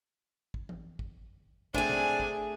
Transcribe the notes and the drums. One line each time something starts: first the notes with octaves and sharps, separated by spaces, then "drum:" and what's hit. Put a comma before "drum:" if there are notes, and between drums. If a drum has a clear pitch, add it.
drum: kick
drum: tom E3
drum: kick
A3 C4 D4 G#4 G#5, drum: kick
drum: tom A#2
drum: kick